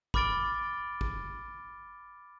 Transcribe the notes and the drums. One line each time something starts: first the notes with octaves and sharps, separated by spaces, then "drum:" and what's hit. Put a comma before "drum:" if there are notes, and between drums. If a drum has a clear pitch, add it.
B5 D6 F6 A6 D7 G7, drum: kick
drum: kick